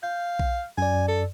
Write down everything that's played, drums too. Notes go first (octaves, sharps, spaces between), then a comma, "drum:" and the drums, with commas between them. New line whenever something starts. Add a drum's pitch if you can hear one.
F5 G6
drum: kick B1
F#2 D5 G#5
A4